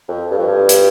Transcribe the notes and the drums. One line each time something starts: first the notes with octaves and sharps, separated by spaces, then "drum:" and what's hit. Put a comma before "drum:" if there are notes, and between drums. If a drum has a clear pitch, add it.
F2
G2
F2
G2
drum: hi-hat